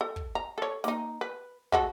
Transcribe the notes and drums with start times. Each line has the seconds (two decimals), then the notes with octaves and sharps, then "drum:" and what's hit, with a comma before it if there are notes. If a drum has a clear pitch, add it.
0.01 A4
0.16 drum: kick
0.35 A#5
0.58 A4 C#5
0.84 A#3 D#4, drum: snare
1.21 B4
1.72 G#3 F#4 A4, drum: kick